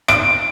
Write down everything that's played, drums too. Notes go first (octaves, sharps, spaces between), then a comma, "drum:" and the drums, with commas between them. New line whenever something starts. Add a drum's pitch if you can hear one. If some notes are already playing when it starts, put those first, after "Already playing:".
D7, drum: rim click